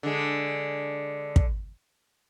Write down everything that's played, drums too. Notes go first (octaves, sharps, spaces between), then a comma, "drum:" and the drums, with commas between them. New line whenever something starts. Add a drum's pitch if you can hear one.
D3 G#3
drum: kick